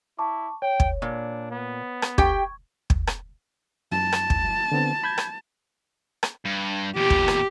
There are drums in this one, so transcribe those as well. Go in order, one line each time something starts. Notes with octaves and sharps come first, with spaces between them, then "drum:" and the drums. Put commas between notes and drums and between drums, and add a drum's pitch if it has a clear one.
E4 A5 C#6 D6
C#5 G5
drum: kick
A#2 D4
B3
drum: rim click
G4 G5 C#6 G#6, drum: kick
drum: kick
drum: rim click
F#2 A5
drum: rim click
drum: kick
D3 B3 C4
B5 G6 G#6
drum: rim click
drum: rim click
G2
E2 A#2 G4
drum: kick
drum: rim click